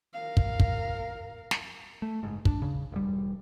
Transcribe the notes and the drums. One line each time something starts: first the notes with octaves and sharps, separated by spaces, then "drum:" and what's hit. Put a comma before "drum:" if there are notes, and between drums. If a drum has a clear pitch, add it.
A#4 F5
drum: kick
drum: kick
drum: snare
A3
F#1 G#2
D4, drum: kick
C#3
E1 G3